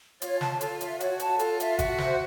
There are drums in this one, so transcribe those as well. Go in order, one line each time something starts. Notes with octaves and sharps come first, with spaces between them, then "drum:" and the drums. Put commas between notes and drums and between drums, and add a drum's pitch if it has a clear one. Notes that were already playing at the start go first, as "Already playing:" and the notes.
F4 C#5, drum: hi-hat
A5, drum: snare
F4 A4, drum: hi-hat
E5, drum: hi-hat
F#4 C#5, drum: hi-hat
A5, drum: hi-hat
F4 A4, drum: hi-hat
E5, drum: hi-hat
F#4 E5, drum: kick G1, hi-hat
C5, drum: snare